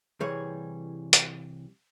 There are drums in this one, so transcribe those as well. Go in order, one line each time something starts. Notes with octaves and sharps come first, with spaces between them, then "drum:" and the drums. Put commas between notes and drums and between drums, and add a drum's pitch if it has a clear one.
C2 E3 G3 G#4 C#5
drum: hi-hat